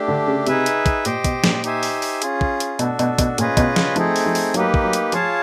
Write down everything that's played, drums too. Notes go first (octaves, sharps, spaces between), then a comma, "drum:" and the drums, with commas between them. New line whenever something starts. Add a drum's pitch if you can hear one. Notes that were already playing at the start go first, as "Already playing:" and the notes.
Already playing: A3 D4 G4
D3
C#3
C3 D#4 G#4 B4 E5, drum: hi-hat
drum: hi-hat
drum: kick, hi-hat
A#2 G4 C5 D#5 G5, drum: hi-hat
B2, drum: kick, hi-hat
A#2, drum: snare
D#4 G4 C5 E5 G#5, drum: hi-hat
drum: open hi-hat
drum: open hi-hat
C#4 F4 G#4, drum: hi-hat
drum: kick
drum: hi-hat
B2 D4 F#4 A4, drum: hi-hat
B2, drum: hi-hat
B2, drum: kick, hi-hat
A#2 C#4 F4 G#4 B4 D#5, drum: hi-hat
B2, drum: kick, hi-hat
C#3, drum: snare
F3 A3 C4 D#4 G#4, drum: hi-hat
drum: open hi-hat
F3
drum: open hi-hat
F#3 A#3 D#4 G4 B4, drum: hi-hat
drum: kick
F#3
drum: hi-hat
F3 F4 G#4 C#5 F5 A5, drum: hi-hat